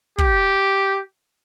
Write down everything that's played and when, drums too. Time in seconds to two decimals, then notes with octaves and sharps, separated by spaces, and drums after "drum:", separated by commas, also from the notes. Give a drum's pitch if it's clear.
0.18 G4, drum: kick